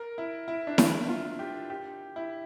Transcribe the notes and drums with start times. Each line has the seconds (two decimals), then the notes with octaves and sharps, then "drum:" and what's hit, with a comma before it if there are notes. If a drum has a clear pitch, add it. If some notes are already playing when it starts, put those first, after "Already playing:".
Already playing: A#4
0.18 E4
0.48 E4
0.67 D4
0.78 E4, drum: snare E4
1.09 F4
1.39 G4
1.70 G4
2.16 E4